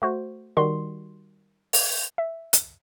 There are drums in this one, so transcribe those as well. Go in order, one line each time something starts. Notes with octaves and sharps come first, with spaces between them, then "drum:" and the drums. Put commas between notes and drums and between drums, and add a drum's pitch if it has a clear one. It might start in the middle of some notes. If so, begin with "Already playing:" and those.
A3 F#4 C5
D#3 G3 F#4 C6
drum: open hi-hat
E5
drum: hi-hat